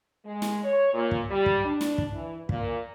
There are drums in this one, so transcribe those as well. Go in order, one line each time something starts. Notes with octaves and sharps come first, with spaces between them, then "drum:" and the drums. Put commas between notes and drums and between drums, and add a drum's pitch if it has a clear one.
G#3
drum: snare
C#5
A#2
drum: kick
G3
drum: kick
D4
drum: snare
drum: kick
E3
A#2, drum: kick